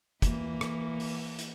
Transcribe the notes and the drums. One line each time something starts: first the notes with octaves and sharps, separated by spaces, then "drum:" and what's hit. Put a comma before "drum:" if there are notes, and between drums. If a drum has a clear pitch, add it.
E3 A#3, drum: kick, hi-hat
drum: rim click
drum: open hi-hat
drum: hi-hat